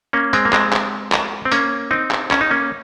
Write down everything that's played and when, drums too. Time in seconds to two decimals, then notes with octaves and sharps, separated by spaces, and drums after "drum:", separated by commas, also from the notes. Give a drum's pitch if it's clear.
0.13 A#3 C#4
0.33 G#3 C4, drum: hi-hat
0.45 A#3
0.53 G#3 C4, drum: clap
0.73 drum: clap
1.12 drum: clap
1.45 C4
1.52 A#3 C#4, drum: hi-hat
1.91 C4 D#4
2.11 drum: clap
2.31 C#4, drum: clap
2.41 D#4
2.50 A#3 C#4